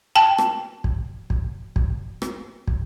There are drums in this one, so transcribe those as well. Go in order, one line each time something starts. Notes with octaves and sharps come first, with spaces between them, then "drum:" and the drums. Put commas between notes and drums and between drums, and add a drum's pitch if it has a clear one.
G5 A5
drum: rim click
drum: kick
drum: kick
drum: kick
drum: rim click
drum: kick